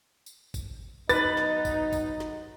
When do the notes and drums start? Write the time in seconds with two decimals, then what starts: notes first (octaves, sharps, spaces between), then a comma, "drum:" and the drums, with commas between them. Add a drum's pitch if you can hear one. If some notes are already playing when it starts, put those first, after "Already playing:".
0.26 drum: tambourine
0.54 drum: kick G#1, tambourine
1.09 F#3 B3 D#4 B4 A6, drum: tambourine
1.37 drum: snare
1.65 drum: kick G#1, tambourine
1.93 drum: kick G#1, tambourine
2.20 drum: snare